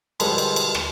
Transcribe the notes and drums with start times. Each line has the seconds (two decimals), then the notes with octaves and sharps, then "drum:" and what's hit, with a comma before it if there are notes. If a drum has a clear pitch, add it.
0.20 B2 D3 D#3 F3 G3 G#3, drum: cymbal
0.38 drum: cymbal
0.56 drum: cymbal
0.75 drum: rim click